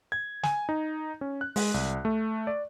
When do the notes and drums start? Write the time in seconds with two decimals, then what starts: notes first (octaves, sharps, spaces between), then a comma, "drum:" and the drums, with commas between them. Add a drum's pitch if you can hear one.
0.12 G#6
0.43 G#5, drum: snare
0.69 D#4
1.21 C#4
1.41 F#6
1.56 G#3, drum: open hi-hat
1.74 C2
2.05 A3
2.47 D5